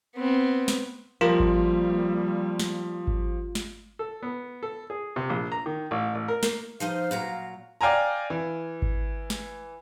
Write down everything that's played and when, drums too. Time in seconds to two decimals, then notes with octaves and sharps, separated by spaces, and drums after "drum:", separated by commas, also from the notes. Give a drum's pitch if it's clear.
0.16 B3 C4
0.68 drum: snare
1.21 F3 G3 A#3 F4 G4 A#4
1.40 drum: kick G#1
2.60 drum: snare
3.07 drum: kick G#1
3.55 drum: snare
3.99 A4
4.23 B3
4.63 A4
4.90 G#4
5.16 C3
5.30 A#1
5.52 A#5
5.66 D#3
5.91 A1
6.15 A1
6.28 A#4
6.43 A#3, drum: snare
6.80 F3 D#4 C5 F5
7.11 A#2 F#3 A#5
7.81 D5 F5 G5 G#5 A#5
8.30 E3
8.82 drum: kick G#1
9.30 drum: snare